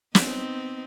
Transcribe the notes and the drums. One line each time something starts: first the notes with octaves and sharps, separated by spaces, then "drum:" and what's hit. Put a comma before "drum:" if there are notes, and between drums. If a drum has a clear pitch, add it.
B3 C4 D#4, drum: snare